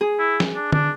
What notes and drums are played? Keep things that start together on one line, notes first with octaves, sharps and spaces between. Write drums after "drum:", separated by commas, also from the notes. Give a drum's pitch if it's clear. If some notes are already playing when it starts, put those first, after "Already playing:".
G#4
E4
drum: snare
D4
D4, drum: tom D3